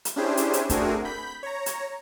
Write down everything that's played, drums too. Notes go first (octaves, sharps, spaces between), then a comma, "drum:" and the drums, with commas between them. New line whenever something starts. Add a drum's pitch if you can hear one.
drum: hi-hat
C#4 D4 E4 G4 G#4 C5
drum: hi-hat
drum: hi-hat
A3 C4 D4 F#4 G#4 A#4, drum: kick, hi-hat
B5 G6 B6
C#5 A#5
drum: hi-hat